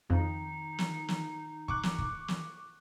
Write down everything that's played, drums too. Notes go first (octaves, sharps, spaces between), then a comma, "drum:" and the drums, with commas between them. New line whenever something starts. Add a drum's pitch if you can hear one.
F2 D#3 D#4
drum: snare
drum: snare
C#6 D6 F#6, drum: kick
drum: snare
drum: kick
drum: snare